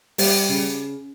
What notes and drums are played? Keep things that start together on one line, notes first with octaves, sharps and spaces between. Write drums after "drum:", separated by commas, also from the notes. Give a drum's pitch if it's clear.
G3, drum: open hi-hat
C#3